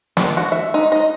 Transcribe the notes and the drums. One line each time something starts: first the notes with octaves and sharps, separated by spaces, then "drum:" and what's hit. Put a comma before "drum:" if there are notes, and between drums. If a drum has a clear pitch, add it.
D4, drum: snare
F#4
E5
D#4
D#5